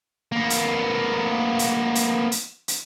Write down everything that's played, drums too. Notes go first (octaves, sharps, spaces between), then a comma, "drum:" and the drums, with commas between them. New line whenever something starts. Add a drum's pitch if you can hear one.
A#3 B3
drum: hi-hat
drum: hi-hat
drum: hi-hat
drum: hi-hat
drum: hi-hat